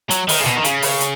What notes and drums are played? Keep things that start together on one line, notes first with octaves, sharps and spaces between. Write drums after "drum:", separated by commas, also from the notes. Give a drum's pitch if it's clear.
F#3, drum: hi-hat
D#3, drum: open hi-hat
C#3
B2, drum: snare
D#3
C#3, drum: hi-hat
drum: open hi-hat
drum: hi-hat